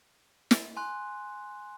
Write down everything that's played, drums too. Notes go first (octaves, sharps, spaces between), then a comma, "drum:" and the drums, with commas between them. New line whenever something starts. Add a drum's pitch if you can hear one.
drum: snare
G#5 C6 F#6